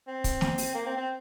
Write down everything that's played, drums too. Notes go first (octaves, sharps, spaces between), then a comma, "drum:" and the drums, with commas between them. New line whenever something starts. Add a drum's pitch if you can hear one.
C4
drum: kick, hi-hat
drum: snare
drum: open hi-hat
A#3
C4
C4